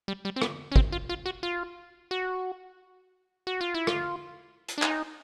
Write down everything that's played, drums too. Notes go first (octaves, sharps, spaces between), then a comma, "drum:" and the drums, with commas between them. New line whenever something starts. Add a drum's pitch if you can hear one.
G3
G3
C4
B3, drum: rim click
C#4
C4, drum: kick
F4
F4
F#4
F4
F#4
F#4
F4
E4
F4, drum: rim click
drum: hi-hat
D4
D#4, drum: clap